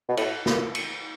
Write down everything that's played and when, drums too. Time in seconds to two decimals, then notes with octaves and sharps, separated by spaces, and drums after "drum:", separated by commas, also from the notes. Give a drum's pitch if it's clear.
0.09 B2
0.17 A2, drum: cymbal
0.46 drum: snare
0.75 drum: cymbal